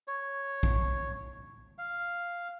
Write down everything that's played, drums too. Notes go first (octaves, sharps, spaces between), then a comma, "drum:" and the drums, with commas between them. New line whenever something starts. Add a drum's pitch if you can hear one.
C#5
drum: kick A#1
F5